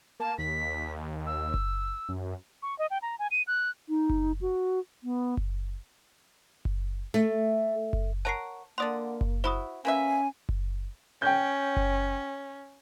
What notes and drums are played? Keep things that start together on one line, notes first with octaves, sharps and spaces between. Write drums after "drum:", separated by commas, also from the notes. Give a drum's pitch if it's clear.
A#3 A5
D#2 B6
E6
drum: kick F#1
F#2
C#6
D#5
G5
A#5
G#5
D#7
F#6
D#4
drum: kick F#1
F#4
B3
drum: kick F#1
drum: kick F#1
A3
drum: kick F#1
A#4 C#5 F#5 A5 C7
D3 A#3 D5 F#5 C6 D#6 A6
drum: kick F#1
E4 F#4 C5 B5 D#6
A#3 C#4 B4 E5 G#5
drum: kick F#1
C#4 G5 G6
drum: kick F#1